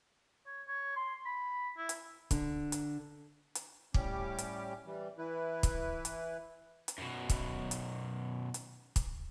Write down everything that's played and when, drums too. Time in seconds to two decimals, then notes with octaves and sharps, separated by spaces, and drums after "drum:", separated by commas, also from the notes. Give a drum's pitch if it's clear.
0.46 C#5
0.68 C#5
0.96 C6
1.25 B5
1.77 E4
1.89 drum: hi-hat
2.31 D3, drum: kick, hi-hat
2.72 drum: hi-hat
3.55 drum: hi-hat
3.94 A2 G3 C#4 G4 D6, drum: kick
4.38 drum: hi-hat
4.86 E3 G3
5.18 E3 E4 B4
5.63 drum: kick, hi-hat
6.05 drum: hi-hat
6.88 drum: hi-hat
6.98 F#2 B2
7.29 drum: kick, hi-hat
7.71 drum: hi-hat
8.54 drum: hi-hat
8.96 drum: kick, hi-hat